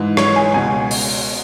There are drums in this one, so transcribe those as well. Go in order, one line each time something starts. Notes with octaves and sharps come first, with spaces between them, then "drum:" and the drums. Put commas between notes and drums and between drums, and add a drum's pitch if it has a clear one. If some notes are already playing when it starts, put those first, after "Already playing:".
Already playing: G#2 E3
C#5, drum: rim click
G#5
C#2 B2 G#5
drum: open hi-hat